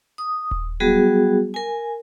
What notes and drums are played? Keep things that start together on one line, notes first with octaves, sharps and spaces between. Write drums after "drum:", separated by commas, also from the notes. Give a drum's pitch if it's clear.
D#6
drum: kick D#1
F#3 G3 B3 F#4 G#4
A#4 G#5